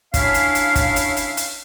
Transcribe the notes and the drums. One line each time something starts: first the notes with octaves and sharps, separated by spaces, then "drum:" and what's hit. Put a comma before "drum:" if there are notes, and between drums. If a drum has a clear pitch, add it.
F#3 C#4 D4 E4 F5, drum: kick, hi-hat
drum: hi-hat
drum: hi-hat
drum: kick, hi-hat
drum: hi-hat
drum: hi-hat
drum: hi-hat